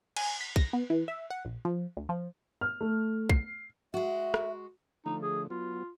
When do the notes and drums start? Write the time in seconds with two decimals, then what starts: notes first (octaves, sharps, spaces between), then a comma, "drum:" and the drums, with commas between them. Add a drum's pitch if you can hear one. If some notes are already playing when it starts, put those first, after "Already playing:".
0.16 G#5, drum: cymbal
0.41 B6
0.56 A#6, drum: kick
0.73 B3
0.90 E3
1.08 E5
1.30 F#5
1.45 A#1
1.65 F3
1.97 D2
2.09 F3
2.61 F6
2.81 A3
3.29 C7, drum: kick
3.94 G#3 F#4 E5
4.34 drum: rim click
5.06 D3 F3 A3 D#4
5.22 G#4
5.50 F#3 B3 F4